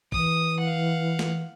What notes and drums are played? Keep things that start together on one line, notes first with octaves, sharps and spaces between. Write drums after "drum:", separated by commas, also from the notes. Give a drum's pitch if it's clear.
E3 D#6, drum: kick
F5 F#5
drum: snare